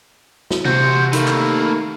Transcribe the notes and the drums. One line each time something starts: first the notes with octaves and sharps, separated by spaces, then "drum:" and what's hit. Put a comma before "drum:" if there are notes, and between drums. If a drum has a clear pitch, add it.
drum: snare
C3 F#4 C5 G6, drum: tom E3
D#3 A3 A#3 B5, drum: hi-hat
drum: clap